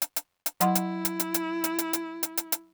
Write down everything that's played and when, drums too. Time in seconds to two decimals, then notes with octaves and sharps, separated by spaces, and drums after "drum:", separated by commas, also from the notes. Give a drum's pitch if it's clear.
0.02 drum: hi-hat
0.16 drum: hi-hat
0.46 drum: hi-hat
0.61 F#3 E4 F#5 C6, drum: hi-hat
0.75 drum: hi-hat
1.05 drum: hi-hat
1.20 drum: hi-hat
1.34 drum: hi-hat
1.64 drum: hi-hat
1.78 drum: hi-hat
1.93 drum: hi-hat
2.23 drum: hi-hat
2.37 drum: hi-hat
2.52 drum: hi-hat